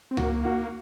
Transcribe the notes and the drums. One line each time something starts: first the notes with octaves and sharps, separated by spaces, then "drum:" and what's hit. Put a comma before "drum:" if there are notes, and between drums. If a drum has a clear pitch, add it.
C4
A#3 F#4, drum: tom C#2
F#4